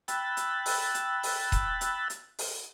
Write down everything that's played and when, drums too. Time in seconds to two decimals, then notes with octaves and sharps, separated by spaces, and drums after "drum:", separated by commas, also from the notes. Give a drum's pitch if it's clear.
0.08 G5 B5 E6 F#6 A6, drum: hi-hat
0.37 drum: hi-hat
0.66 drum: open hi-hat
0.94 drum: hi-hat
1.23 drum: open hi-hat
1.52 drum: kick D#1, hi-hat
1.81 drum: hi-hat
2.10 drum: hi-hat
2.39 drum: open hi-hat